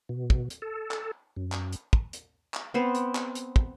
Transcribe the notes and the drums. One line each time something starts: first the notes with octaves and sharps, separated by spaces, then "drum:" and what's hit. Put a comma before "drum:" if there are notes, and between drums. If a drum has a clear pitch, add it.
B2
drum: kick
drum: hi-hat
A4
drum: clap
F#2
drum: clap
drum: hi-hat
drum: kick
drum: hi-hat
drum: clap
B3 C4 C5
drum: hi-hat
drum: clap
drum: hi-hat
drum: kick